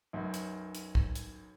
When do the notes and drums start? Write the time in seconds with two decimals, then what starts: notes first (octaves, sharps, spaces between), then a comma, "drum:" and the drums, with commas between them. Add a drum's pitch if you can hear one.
0.13 B1 F#2
0.34 drum: hi-hat
0.75 drum: hi-hat
0.95 drum: kick
1.15 drum: hi-hat